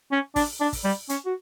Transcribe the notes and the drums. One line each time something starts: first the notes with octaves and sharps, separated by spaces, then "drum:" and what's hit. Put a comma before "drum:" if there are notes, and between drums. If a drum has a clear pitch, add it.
C#4
D4, drum: kick, open hi-hat
D4
drum: kick, open hi-hat
G3
C#4, drum: hi-hat
F#4